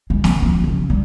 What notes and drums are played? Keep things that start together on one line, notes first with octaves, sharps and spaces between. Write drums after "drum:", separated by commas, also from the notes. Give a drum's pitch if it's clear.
G#3
C3, drum: snare
F3
C#3
G3